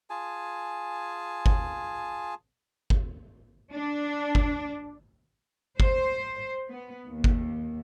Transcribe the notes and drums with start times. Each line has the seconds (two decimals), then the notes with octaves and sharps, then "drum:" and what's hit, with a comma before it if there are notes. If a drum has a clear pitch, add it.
0.10 F4 G#4 G#5 A5
1.46 drum: kick G1
2.90 drum: kick G1
3.73 D4
4.35 drum: kick G1
5.80 C5, drum: kick G1
6.70 B3
7.08 D#2
7.24 drum: kick G1